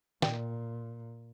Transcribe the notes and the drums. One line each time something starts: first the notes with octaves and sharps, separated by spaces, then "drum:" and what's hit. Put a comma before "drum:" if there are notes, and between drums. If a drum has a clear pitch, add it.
A#2 D5 G5, drum: snare